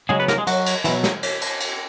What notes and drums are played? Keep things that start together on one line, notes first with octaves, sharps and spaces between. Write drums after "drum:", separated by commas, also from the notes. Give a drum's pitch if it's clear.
C#3 F#3 G#3 G#4
B3 B4
A#3 A#4, drum: snare
G#3 G#4
F#3 F#4, drum: cymbal
drum: cymbal
B2 E3 F#3 E4, drum: cymbal
drum: snare
drum: cymbal
drum: cymbal
drum: cymbal